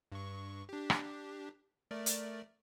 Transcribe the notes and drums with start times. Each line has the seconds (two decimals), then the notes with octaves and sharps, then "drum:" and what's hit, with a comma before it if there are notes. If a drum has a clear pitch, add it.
0.12 G2 C#6
0.69 D4 G4
0.90 drum: rim click
1.91 A3 A#4 D5
2.06 drum: hi-hat